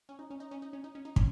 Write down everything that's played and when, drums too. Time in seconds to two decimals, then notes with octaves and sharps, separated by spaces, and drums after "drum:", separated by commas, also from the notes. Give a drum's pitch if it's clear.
0.09 C#4
0.19 D#4
0.30 C#4
0.40 D#4
0.51 C#4
0.62 D#4
0.73 C#4
0.84 D#4
0.95 C#4
1.05 D#4
1.16 C#4, drum: kick